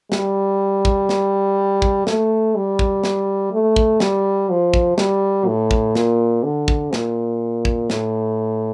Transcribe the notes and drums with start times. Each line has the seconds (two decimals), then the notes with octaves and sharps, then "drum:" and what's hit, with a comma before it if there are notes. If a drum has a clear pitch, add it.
0.12 G3, drum: snare
0.85 drum: kick
1.09 drum: snare
1.82 drum: kick
2.07 A3, drum: snare
2.56 G3
2.79 drum: kick
3.04 drum: snare
3.52 A3
3.76 drum: kick
4.00 G3, drum: snare
4.50 F3
4.74 drum: kick
4.98 G3, drum: snare
5.47 A2
5.71 drum: kick
5.95 A#2, drum: snare
6.43 D3
6.68 drum: kick
6.93 A#2, drum: snare
7.65 drum: kick
7.90 A2, drum: snare